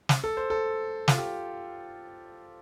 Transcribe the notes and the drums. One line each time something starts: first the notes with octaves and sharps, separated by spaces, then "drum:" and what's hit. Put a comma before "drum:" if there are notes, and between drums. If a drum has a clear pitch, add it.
drum: snare
A4
C5
A4
F4, drum: snare
G4